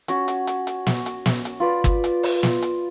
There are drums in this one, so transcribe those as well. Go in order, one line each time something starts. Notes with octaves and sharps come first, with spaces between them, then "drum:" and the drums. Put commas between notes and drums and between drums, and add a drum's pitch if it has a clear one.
C#4 F#4, drum: hi-hat
drum: hi-hat
drum: hi-hat
drum: hi-hat
drum: snare
drum: hi-hat
drum: snare
drum: hi-hat
F4 B4 D5
drum: kick, hi-hat
drum: hi-hat
drum: open hi-hat
drum: snare
drum: hi-hat